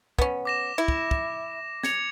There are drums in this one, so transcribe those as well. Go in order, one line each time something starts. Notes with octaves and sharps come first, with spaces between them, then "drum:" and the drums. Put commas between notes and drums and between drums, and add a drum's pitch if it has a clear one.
B3 C#4, drum: kick
D6 A#6 E7
E4
drum: kick
drum: kick
G#6 C#7 F7, drum: snare